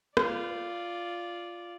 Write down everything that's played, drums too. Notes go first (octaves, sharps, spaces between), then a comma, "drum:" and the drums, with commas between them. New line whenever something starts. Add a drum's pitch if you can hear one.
F4 D5, drum: rim click